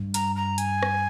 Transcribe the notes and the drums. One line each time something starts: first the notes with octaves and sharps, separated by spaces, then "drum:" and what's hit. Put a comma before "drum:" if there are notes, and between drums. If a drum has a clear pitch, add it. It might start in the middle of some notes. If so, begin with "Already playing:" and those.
Already playing: G2
A#5, drum: hi-hat
A#5
G#5, drum: hi-hat
drum: rim click